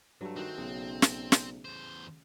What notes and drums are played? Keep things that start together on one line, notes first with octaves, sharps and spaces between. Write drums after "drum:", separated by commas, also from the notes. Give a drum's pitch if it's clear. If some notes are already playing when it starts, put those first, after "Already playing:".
G2 F#3 A3
D#3 C4 F#4
B1 C#3
drum: snare
drum: snare
E2 C5